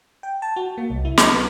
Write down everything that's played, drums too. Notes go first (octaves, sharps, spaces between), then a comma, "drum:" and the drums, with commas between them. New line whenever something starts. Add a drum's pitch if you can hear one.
G5
A5
F#4
A#3
C2
E4
F#3, drum: snare
B3